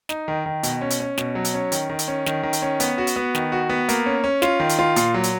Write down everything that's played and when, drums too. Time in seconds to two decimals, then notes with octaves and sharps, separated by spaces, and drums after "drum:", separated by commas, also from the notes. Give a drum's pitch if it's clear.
0.09 D#4, drum: snare
0.28 D#3
0.46 D#3
0.63 B2, drum: hi-hat
0.81 C#4
0.90 drum: hi-hat
1.00 C#4
1.18 B2, drum: snare
1.35 F#3
1.45 drum: hi-hat
1.54 C#4
1.72 D#3, drum: hi-hat
1.89 D#3
1.99 drum: hi-hat
2.08 C#4
2.26 D#3, drum: snare
2.43 D#3
2.53 drum: hi-hat
2.62 C#4
2.80 B3, drum: hi-hat
2.98 F#4
3.07 drum: hi-hat
3.16 B3
3.35 D#3, drum: snare
3.52 F#4
3.69 B3
3.89 A#3, drum: hi-hat
4.06 C#4
4.24 C#4
4.42 F4, drum: snare
4.60 D#3
4.69 drum: hi-hat
4.79 F4
4.96 A#2, drum: hi-hat
5.14 F#3
5.23 drum: hi-hat